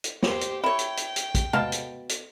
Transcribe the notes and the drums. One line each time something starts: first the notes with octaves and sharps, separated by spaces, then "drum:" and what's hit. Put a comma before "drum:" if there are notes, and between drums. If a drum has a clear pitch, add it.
drum: hi-hat
G4 C5, drum: snare
drum: hi-hat
E4 C#5 G5
drum: hi-hat
drum: hi-hat
drum: hi-hat
drum: kick, hi-hat
B2 F5 A5, drum: tom
drum: hi-hat
drum: hi-hat